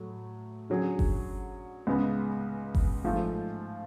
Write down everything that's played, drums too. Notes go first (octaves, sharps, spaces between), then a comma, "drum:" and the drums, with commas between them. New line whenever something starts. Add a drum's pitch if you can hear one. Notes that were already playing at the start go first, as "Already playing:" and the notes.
Already playing: A2 F#3 A3
D3 F#3 C#4 G#4
drum: kick G1
C#2 C#3 G#3 B3
drum: kick G1
G#2 F3 A3 F4 A4